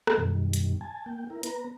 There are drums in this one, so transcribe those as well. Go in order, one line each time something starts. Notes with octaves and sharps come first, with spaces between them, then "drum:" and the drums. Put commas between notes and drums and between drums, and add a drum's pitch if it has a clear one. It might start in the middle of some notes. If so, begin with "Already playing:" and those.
drum: rim click
F#2 B2 D#3 G3
drum: hi-hat
G#5 A5
A#3 G5
E4 A#4
B3 B4 A#5, drum: hi-hat